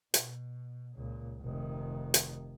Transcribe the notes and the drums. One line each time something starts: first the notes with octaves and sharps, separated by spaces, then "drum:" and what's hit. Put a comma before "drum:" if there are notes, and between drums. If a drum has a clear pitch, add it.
B2, drum: hi-hat
C#2 A#2
F1 D#3
drum: hi-hat